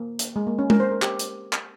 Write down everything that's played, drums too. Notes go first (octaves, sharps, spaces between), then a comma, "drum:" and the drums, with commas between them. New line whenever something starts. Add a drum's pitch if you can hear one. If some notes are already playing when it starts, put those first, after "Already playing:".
Already playing: A#3
drum: hi-hat
G#3
A#3
C#4
A#4, drum: tom G#3
C5
A#4
G4, drum: clap
drum: hi-hat
drum: clap